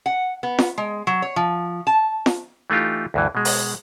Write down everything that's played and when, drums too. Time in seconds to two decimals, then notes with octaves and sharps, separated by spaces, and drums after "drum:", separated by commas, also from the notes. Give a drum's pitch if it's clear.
0.06 F#5
0.43 B3
0.59 drum: snare
0.78 G#3
1.07 F#3
1.22 C#5
1.36 F3
1.87 A5
2.26 drum: snare
2.70 E3 A3 D#4 F4 G4
3.14 D2 G2 E3
3.35 B2 G#3
3.45 drum: open hi-hat